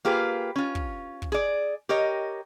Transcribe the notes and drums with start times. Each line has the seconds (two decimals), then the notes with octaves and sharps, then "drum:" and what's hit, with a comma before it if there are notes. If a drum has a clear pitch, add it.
0.05 A#3 F4 G4 G#4 B4
0.56 C#4 F4
0.75 drum: kick
1.22 drum: kick
1.32 G#4 D5
1.89 G4 A#4 C#5 D#5